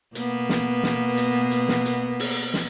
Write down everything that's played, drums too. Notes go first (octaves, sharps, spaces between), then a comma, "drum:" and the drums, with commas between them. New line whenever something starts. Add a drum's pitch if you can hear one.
B2 A#3 B3, drum: hi-hat
drum: snare
drum: snare
drum: hi-hat
drum: hi-hat
drum: snare
drum: hi-hat
drum: open hi-hat
drum: snare